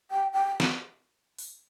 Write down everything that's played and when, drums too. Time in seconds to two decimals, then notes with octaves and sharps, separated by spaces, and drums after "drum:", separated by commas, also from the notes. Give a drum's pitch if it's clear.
0.11 G5
0.33 G5
0.60 drum: snare
1.39 drum: open hi-hat